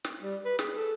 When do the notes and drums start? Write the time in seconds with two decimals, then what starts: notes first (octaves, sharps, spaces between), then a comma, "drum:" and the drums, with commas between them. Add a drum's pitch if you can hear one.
0.04 drum: snare
0.22 G3
0.45 B4
0.59 G#4, drum: snare
0.76 A4